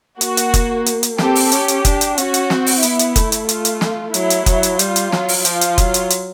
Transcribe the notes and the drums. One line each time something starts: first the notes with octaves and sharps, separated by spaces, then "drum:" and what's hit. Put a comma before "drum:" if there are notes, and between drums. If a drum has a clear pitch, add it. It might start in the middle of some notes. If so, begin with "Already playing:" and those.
A#3 F#4, drum: hi-hat
drum: hi-hat
drum: kick, hi-hat
drum: hi-hat
drum: hi-hat
C4 G4 A4, drum: snare
drum: open hi-hat
C#4 G4, drum: hi-hat
drum: hi-hat
D4, drum: kick, hi-hat
drum: hi-hat
C#4 F#4, drum: hi-hat
drum: hi-hat
C4, drum: snare
drum: open hi-hat
B3 E4, drum: hi-hat
drum: hi-hat
A3, drum: kick, hi-hat
drum: hi-hat
F4, drum: hi-hat
drum: hi-hat
drum: snare
F#3 E4, drum: hi-hat
drum: hi-hat
F#3, drum: kick, hi-hat
drum: hi-hat
G3 F4, drum: hi-hat
drum: hi-hat
F#3, drum: snare
drum: open hi-hat
F3 F4, drum: hi-hat
drum: hi-hat
F#3, drum: kick, hi-hat
drum: hi-hat
drum: hi-hat